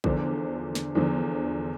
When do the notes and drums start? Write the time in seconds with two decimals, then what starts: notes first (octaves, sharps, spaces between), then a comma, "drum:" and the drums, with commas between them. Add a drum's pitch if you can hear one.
0.04 E2 D3 F3 D4, drum: kick A#1
0.75 drum: snare
0.95 E2 D3 F3